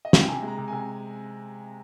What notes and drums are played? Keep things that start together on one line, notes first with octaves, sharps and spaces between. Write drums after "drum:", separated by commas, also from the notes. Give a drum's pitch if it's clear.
D#5
F5, drum: snare
G5
C3 G#5
G#3
A#5
C3
G#5
C3